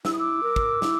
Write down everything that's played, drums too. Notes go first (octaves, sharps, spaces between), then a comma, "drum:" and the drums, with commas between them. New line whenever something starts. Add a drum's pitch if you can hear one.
E4 E6, drum: snare
D#6
D6 E6
A#4
drum: kick
E4, drum: snare